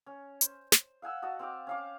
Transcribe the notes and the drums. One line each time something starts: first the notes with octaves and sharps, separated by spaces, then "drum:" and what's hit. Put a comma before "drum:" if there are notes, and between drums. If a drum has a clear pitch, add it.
C#4
C5, drum: hi-hat
drum: snare
F5 F#5 G#5 E6
F#4 D#5 A5
C4 F5 G5 D6
C#4 F5 D6